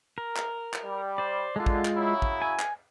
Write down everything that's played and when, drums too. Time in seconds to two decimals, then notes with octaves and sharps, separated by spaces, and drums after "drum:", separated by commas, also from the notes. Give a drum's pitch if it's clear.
0.18 A#4
0.36 drum: clap
0.73 drum: clap
0.84 G3
1.18 C5 D5
1.56 D3 G#3 F4
1.66 drum: kick
1.85 drum: clap
1.95 C#3 F#3 E4
2.22 drum: kick
2.42 G#5
2.59 drum: clap